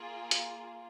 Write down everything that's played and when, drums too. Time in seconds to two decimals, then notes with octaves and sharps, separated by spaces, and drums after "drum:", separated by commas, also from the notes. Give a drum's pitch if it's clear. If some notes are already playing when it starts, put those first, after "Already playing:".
Already playing: A#3 F4 G#4
0.31 drum: hi-hat